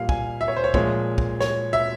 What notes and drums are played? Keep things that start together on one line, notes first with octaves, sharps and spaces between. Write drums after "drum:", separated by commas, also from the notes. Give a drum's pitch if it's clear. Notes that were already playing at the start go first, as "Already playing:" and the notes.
Already playing: A#2 G3 F5
G#5, drum: kick
E5
C#5
C5
C#5
A#2 F3 G#3 C#5, drum: kick
drum: kick
C#5, drum: snare
E5